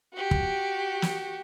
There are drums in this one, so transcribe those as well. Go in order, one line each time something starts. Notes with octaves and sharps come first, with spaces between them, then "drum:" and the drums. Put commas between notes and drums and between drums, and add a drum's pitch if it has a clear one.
F#4 G4
drum: kick
drum: snare